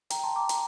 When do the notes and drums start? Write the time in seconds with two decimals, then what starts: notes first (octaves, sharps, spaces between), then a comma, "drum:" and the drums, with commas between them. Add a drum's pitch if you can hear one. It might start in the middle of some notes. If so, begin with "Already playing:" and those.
0.10 G5 A#5, drum: hi-hat
0.23 A5 C6
0.36 A#5 D6
0.49 drum: hi-hat